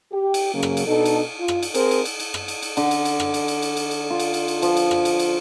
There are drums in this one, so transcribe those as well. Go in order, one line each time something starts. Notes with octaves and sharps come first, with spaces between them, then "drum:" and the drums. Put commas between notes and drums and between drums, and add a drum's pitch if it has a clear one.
G4
drum: cymbal
C#3 F#3 A#3 C#4 G#4
drum: rim click
drum: cymbal
B2 D4 D#4 A4
drum: cymbal
F4
drum: rim click
drum: cymbal
C4 G#4 A#4 C5, drum: cymbal
drum: cymbal
drum: cymbal
drum: cymbal
drum: rim click
drum: cymbal
drum: cymbal
D3, drum: cymbal
drum: cymbal
drum: cymbal
drum: rim click
drum: cymbal
drum: cymbal
drum: cymbal
drum: cymbal
drum: cymbal
F4
drum: cymbal
drum: cymbal
drum: cymbal
F3, drum: cymbal
drum: cymbal
drum: rim click
drum: cymbal
drum: cymbal